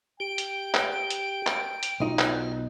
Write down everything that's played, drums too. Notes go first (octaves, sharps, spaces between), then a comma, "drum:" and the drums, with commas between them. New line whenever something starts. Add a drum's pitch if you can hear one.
G4 G5 D7
drum: hi-hat
drum: clap
drum: hi-hat
drum: clap
drum: hi-hat
B1 D#4 F4
drum: clap